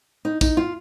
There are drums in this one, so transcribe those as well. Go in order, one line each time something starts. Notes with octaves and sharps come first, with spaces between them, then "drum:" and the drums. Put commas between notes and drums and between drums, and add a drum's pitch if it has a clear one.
D#4
D#4, drum: kick, tambourine
F4